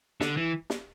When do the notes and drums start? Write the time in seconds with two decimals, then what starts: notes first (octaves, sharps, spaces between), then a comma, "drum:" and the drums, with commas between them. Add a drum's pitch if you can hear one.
0.21 D3, drum: snare
0.37 E3
0.70 drum: snare